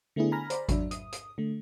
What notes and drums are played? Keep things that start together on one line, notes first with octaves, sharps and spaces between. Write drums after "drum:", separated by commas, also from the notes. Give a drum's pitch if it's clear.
D3 A3 B3 D4 E4 G#4
G#5 A#5 B5 F6 A#6
C5 D5 B5, drum: hi-hat
F#3 D4 E5, drum: kick G#1, hi-hat
D#6, drum: hi-hat
drum: hi-hat
D3 A3